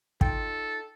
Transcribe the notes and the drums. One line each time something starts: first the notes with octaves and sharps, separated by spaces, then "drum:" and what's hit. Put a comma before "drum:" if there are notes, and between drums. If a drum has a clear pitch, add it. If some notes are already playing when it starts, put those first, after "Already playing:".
D#4 F4 A4 G5, drum: kick